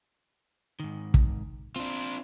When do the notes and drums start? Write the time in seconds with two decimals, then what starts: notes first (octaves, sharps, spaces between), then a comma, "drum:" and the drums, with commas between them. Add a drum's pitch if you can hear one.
0.80 G#2 D#3
1.14 drum: kick
1.76 C4 D4 F4